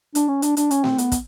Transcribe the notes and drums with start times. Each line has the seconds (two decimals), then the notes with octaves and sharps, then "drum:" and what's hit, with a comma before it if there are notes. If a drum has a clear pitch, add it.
0.15 D4, drum: hi-hat
0.28 C#4
0.42 D4, drum: hi-hat
0.57 D4, drum: hi-hat
0.71 C#4, drum: hi-hat
0.84 C4, drum: snare A3
0.98 B3, drum: hi-hat
1.12 drum: kick, hi-hat